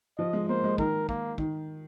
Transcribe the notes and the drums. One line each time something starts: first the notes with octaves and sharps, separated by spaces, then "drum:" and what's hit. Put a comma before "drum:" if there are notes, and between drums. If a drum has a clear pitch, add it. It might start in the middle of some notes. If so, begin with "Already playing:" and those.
F3 D#5
G#3
A#3 C5
G#3
D#3 A#4, drum: kick
A#3, drum: kick
D#3, drum: kick